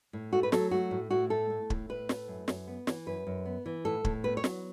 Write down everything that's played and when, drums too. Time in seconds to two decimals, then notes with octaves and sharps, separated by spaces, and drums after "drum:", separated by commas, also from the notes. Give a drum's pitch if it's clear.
0.13 A2
0.33 A3 F#4
0.43 B4
0.52 F#3 A4, drum: snare
0.71 A3 F#4
0.91 A2
1.11 A2 F#4
1.30 A3 A4
1.50 A3
1.70 A2, drum: kick
1.89 A2 B4
2.09 A3, drum: snare
2.28 F#2
2.48 F#2, drum: snare
2.68 B3
2.87 E3, drum: snare
3.06 F#2 B4
3.27 F#2
3.45 B3
3.66 E3
3.85 A2 A4
4.05 A2, drum: kick
4.24 B3 B4
4.37 C#5
4.44 F#3, drum: snare